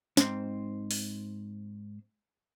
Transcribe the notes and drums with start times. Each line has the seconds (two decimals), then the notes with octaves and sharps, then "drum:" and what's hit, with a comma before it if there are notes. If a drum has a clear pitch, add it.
0.17 G#2 C4, drum: snare
0.91 drum: open hi-hat